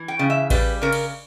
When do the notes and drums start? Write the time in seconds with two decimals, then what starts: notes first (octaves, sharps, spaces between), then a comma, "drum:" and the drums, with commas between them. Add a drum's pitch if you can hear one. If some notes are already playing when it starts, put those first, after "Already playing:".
Already playing: E3
0.08 G5
0.19 C#3
0.30 E5
0.50 G3 B4, drum: kick A1, cymbal
0.82 C#3 A#4
0.93 drum: cymbal